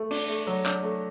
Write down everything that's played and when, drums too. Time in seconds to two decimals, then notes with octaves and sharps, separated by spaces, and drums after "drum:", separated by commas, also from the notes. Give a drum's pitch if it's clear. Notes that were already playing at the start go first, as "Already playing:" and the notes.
Already playing: A3
0.11 D4, drum: cymbal
0.29 A3
0.47 F#3
0.65 D4, drum: clap
0.83 A3